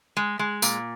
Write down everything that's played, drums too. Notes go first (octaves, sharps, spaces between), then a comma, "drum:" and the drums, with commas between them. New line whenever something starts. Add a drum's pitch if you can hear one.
G#3
G#3
A#2, drum: tambourine